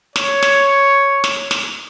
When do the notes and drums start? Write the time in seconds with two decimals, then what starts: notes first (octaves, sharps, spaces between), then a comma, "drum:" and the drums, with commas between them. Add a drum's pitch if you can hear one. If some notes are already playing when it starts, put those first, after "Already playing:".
0.16 C#5, drum: snare
0.43 drum: snare
1.24 drum: snare
1.51 drum: snare